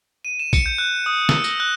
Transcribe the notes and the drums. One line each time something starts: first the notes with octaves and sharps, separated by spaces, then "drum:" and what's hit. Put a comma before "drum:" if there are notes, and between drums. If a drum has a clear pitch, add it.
D#7
E7
C#7, drum: kick, tambourine
G6
F#6
D#6
E6, drum: snare
A#6, drum: tambourine
F#6